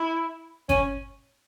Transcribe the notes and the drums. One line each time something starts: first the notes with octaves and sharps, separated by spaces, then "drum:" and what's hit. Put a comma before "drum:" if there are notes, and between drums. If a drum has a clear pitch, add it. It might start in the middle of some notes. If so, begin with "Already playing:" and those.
Already playing: E4
C#4, drum: kick G1, hi-hat